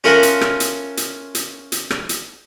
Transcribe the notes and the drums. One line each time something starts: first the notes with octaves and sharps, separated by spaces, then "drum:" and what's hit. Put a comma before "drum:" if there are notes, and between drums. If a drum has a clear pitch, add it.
C#4 F4 A4 A#4 E5 F#5
drum: hi-hat
drum: rim click
drum: hi-hat
drum: hi-hat
drum: hi-hat
drum: hi-hat
drum: rim click
drum: hi-hat